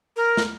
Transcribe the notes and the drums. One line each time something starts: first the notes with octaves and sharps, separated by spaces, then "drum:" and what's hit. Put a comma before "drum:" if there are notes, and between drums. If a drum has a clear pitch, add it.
A#4
drum: snare